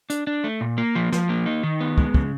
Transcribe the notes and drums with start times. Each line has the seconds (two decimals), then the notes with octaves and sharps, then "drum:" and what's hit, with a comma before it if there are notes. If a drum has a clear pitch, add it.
0.10 D4, drum: hi-hat
0.27 D4
0.44 A3
0.61 A#2
0.78 A#3
0.95 F3
1.12 F3, drum: snare
1.29 A#3
1.46 D#4
1.63 D#3
1.81 B3
1.98 G#3, drum: kick
2.14 C#3, drum: kick